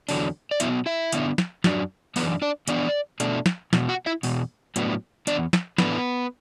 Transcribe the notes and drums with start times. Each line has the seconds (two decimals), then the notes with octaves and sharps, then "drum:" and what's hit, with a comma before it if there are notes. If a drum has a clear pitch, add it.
0.09 E2 D3 F#3 D4, drum: open hi-hat
0.51 D5
0.60 B2 F#3 B3 E4 E5, drum: hi-hat
0.86 E4 E5
1.12 D3 B3 D4, drum: hi-hat
1.38 drum: snare
1.64 F#2 F#3 D4, drum: snare
2.16 F#2 E3 B3 D4 B4, drum: open hi-hat
2.42 D4 D5
2.68 E2 E3 B3 D4 D5, drum: hi-hat
3.20 B2 A3 D4, drum: hi-hat
3.46 drum: snare
3.73 E2 B2, drum: snare
3.89 F#4 F#5
4.06 E4 E5
4.23 E2 B2, drum: open hi-hat
4.76 A2 F#3 B3 D4, drum: hi-hat
5.27 E2 E3 B3 D4 D5, drum: hi-hat
5.53 drum: snare
5.78 A2 E3 A3 B3 D4 B4, drum: snare